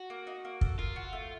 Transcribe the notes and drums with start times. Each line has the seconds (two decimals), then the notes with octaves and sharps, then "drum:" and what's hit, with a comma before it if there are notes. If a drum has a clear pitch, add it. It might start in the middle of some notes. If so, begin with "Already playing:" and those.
Already playing: F#4
0.10 A#3
0.27 D#4
0.45 A#3
0.61 A4, drum: kick
0.78 F4 A#4
0.96 F#4
1.13 A3